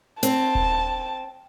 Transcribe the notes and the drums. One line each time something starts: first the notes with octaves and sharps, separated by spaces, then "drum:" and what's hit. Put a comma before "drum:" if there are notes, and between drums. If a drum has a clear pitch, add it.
C4 A5, drum: hi-hat
drum: kick D#1